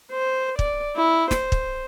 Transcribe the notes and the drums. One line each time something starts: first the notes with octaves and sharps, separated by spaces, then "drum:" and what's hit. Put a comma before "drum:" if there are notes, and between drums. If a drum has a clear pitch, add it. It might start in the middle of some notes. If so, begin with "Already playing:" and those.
C5
D5, drum: kick
E4
C5, drum: snare
drum: kick